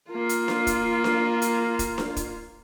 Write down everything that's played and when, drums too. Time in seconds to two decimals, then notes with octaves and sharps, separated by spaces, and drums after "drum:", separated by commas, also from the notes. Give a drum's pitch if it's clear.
0.11 A#3 F4
0.29 drum: hi-hat
0.48 drum: snare D4
0.67 drum: kick, hi-hat
1.04 drum: snare D4
1.42 drum: hi-hat
1.79 drum: kick, hi-hat
1.98 drum: snare D4
2.16 drum: kick, hi-hat